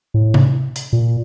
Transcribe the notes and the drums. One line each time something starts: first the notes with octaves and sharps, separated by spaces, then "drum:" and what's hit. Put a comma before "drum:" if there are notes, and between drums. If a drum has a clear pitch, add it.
A2
drum: tom C3
drum: hi-hat
A#2